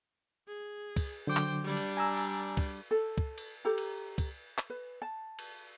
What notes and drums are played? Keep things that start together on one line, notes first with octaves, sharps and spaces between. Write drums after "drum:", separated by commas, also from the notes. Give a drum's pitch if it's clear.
G#4
drum: kick, cymbal
D3 F#3 C5 G5 D6
drum: clap
G3 D4
drum: cymbal
G#5 A#5 E6
drum: cymbal
drum: kick, cymbal
A4
drum: kick
drum: cymbal
G4 A4 A#5
drum: cymbal
drum: kick, cymbal
drum: clap
B4
A5
drum: cymbal